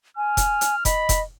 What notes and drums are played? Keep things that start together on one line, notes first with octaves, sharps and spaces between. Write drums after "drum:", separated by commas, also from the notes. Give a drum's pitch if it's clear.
G#5 F6
drum: kick F1, hi-hat
drum: hi-hat
D#5 B5, drum: kick F1, hi-hat
drum: kick F1, hi-hat